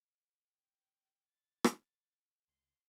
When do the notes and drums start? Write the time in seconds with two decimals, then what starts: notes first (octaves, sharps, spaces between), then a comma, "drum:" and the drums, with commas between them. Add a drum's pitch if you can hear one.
0.50 G5
1.29 A6
1.64 drum: rim click
2.48 C#2 C6